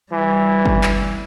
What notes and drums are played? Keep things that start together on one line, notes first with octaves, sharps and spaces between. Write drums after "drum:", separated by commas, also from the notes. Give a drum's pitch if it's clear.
E3 G3
drum: kick
drum: clap